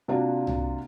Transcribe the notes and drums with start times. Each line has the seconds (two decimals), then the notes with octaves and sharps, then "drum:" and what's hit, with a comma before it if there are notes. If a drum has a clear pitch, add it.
0.08 C3 A#3 D4 F4 F#4
0.47 drum: tom